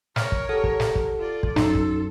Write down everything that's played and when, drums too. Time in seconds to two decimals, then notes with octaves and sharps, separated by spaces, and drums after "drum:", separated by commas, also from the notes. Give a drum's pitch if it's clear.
0.16 A#4 C#5 F6, drum: snare
0.32 drum: kick
0.49 G4 A4 F#5
0.64 drum: kick
0.80 drum: snare
0.95 drum: kick
1.19 F4 D5
1.43 drum: kick
1.56 F#2 F#3 D#4 A4 C6, drum: snare
1.75 drum: kick